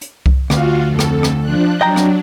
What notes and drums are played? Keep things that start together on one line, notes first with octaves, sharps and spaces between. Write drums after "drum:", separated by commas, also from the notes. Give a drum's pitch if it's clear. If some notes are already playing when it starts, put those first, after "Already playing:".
drum: hi-hat
drum: kick C2
D2 F4 F#4 F5, drum: rim click
F2 A4
drum: rim click
drum: rim click
F3 D4 F#6
F#3 D4 D#5 G5 A#5
drum: rim click